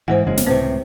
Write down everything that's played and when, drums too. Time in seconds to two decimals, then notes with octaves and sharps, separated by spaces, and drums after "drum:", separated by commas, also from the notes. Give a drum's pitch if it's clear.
0.08 G#2 B2 E3 C5 F#5
0.27 F#1 C#3 G#3
0.37 drum: snare
0.47 C#2 A2 C3 C4 B4 C5